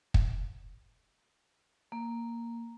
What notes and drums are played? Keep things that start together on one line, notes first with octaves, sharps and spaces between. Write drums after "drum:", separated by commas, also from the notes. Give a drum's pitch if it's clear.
drum: kick
A#3